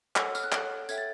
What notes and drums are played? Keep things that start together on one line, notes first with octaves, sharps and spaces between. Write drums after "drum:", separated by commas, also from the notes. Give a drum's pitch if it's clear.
A4 C#5 F#5 E6, drum: clap
F6, drum: tambourine
F#6
A4 C#5 F#5, drum: clap
A4 C#5 E5 G5 G#6, drum: tambourine
A6